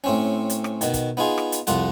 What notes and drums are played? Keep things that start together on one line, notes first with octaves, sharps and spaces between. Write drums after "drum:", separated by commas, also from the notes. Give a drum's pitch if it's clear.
A2 C4 C#4
drum: hi-hat
drum: rim click
B2 D#3, drum: hi-hat
drum: kick, hi-hat
B3 D#4 F4 G#4
drum: rim click
drum: hi-hat
C2 F2 F4 F#5, drum: hi-hat